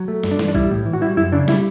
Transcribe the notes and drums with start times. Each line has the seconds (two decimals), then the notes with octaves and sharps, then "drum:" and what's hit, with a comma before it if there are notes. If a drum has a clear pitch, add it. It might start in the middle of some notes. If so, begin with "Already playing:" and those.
Already playing: F#3
0.08 A3
0.23 G2, drum: snare
0.31 D4
0.39 E3, drum: snare
0.48 D4
0.55 G3 E4, drum: kick
0.71 A2
0.85 E3
0.93 F#4
1.01 G3 E4
1.17 F#2 E4
1.32 C#3 D4
1.48 G3 E4, drum: snare